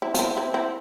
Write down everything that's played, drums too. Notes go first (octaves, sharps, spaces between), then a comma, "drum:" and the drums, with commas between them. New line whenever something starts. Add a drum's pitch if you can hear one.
C4 E4
F4, drum: hi-hat
C4 E4
C4 E4
C4 E4